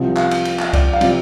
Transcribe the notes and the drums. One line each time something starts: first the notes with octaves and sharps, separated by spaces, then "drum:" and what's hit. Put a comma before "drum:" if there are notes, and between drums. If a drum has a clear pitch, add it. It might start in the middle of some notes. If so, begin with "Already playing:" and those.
Already playing: C2 C3 F3
F5, drum: clap
drum: cymbal
drum: cymbal
drum: clap
D5, drum: kick C2, cymbal
F5
C3 F3 D5, drum: cymbal